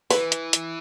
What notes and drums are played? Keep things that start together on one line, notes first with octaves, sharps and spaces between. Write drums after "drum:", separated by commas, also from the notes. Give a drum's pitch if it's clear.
E3 B4, drum: open hi-hat
drum: hi-hat
drum: hi-hat